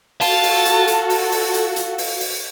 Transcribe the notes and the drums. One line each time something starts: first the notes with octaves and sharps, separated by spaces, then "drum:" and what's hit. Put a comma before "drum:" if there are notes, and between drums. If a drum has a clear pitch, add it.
F4 F#4 A4 A5, drum: open hi-hat
drum: open hi-hat
drum: hi-hat
drum: hi-hat
drum: open hi-hat
drum: open hi-hat
drum: hi-hat
drum: hi-hat
drum: open hi-hat
drum: open hi-hat